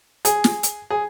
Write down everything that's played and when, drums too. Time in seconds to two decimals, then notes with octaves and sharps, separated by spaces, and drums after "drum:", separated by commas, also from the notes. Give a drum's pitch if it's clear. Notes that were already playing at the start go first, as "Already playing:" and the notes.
0.25 G#4, drum: hi-hat
0.44 drum: snare
0.63 drum: hi-hat
0.90 G#4